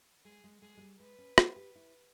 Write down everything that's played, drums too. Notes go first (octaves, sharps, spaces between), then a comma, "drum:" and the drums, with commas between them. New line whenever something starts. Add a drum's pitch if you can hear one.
G#3 G#4
G#3
G#3 G#4
G#3
G3
G#3 B4
C#4
E4, drum: rim click
G4
E4